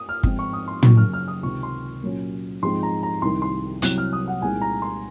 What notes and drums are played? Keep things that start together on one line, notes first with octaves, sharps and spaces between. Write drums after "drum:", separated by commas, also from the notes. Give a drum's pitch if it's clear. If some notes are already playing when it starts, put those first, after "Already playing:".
Already playing: D#6
F6
G#2 F3 C4 D#4, drum: kick
C#6
D#6
C6
F#2 C#3 F#3 A#3 C#6, drum: tom
F6
F6
D#6
C#2 C3 D#3 C#6
C6
A#2 F#3 C#4
G#2 F3 G#3 C4 D#4 C6
A#5
A#5
C2 C3 D#3 C6
C6
C2 C3 F#3 C4 F#6, drum: hi-hat
F6
D#6
F#5
C2 A#2 G#3 C4 D#4 G#5
A#5
C6